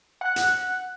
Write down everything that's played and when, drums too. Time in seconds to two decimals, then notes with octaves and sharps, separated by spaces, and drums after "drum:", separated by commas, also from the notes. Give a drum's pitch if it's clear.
0.21 F#5 F#6
0.36 drum: hi-hat